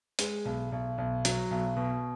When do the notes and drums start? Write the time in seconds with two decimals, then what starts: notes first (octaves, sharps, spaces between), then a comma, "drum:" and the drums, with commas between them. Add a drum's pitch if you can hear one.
0.19 G#3, drum: hi-hat
0.45 B1
0.72 B1
0.98 B1
1.25 F#3, drum: hi-hat
1.51 B1
1.77 B2